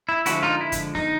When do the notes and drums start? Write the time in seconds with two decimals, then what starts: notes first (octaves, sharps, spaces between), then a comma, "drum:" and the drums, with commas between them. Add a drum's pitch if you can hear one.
0.09 E4
0.26 D3 F3 G#3 E4 F#4, drum: hi-hat
0.43 D#4 F4
0.61 E4
0.72 drum: kick, hi-hat
0.95 D#4, drum: snare